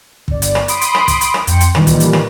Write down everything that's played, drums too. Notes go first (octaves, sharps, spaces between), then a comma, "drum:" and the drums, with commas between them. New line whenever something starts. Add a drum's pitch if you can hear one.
G1 D5, drum: kick
drum: hi-hat
drum: rim click
B5 C6 D#6 D7, drum: hi-hat
drum: hi-hat
drum: rim click
drum: kick, hi-hat
drum: hi-hat
drum: rim click
F2 G5 C6 C#7, drum: hi-hat
drum: hi-hat
A#2 D#3 E3 G3, drum: rim click
drum: kick, hi-hat
drum: hi-hat
drum: rim click